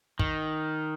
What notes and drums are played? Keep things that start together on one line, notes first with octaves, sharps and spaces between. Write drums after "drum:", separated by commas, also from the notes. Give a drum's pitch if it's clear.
D#3, drum: kick